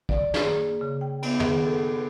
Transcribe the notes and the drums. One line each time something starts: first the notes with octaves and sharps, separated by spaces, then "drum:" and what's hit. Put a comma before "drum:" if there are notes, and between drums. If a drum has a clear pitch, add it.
D5, drum: kick
G#4, drum: snare
A#3
C#3
G5
B3, drum: cymbal
G#4, drum: tom
A4